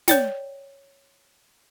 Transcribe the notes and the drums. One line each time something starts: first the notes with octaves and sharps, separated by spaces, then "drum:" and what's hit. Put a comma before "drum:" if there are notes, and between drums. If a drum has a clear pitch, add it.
C#5 D5 G5, drum: snare